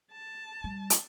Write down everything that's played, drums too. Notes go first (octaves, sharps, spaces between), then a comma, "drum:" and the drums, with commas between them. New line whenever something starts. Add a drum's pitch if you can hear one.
A5
G3
drum: hi-hat